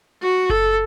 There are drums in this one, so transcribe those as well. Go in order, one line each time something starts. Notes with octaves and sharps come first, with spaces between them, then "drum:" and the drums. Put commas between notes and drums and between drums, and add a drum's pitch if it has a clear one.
F#4
A4, drum: kick F#1